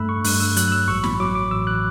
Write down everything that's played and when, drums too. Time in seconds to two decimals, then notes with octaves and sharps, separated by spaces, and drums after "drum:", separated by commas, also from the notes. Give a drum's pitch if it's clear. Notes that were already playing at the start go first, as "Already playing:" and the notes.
Already playing: G2 A3 B5 E6 F#6
0.09 C#6
0.24 G2 F#6, drum: open hi-hat
0.40 E6
0.57 F#3 F#6, drum: hi-hat
0.68 F#6
0.72 E6
0.88 A1 C#6
1.04 B5, drum: snare
1.20 F#3 D6
1.35 D6
1.51 A1 E6
1.67 F#6